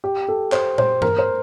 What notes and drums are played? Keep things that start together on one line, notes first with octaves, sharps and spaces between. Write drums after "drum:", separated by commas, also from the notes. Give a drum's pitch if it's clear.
G4
A4
C5, drum: clap
C5, drum: tom A#2
A#4, drum: tom
C5